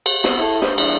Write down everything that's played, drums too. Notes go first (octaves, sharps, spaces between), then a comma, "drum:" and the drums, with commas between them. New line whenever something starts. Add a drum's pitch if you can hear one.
drum: cymbal
C2 B2 B3 C4 F#4, drum: snare
E4 A4
A3 D4 G4 B4 C5 D#5, drum: snare
F3 G#3 D4 E4, drum: cymbal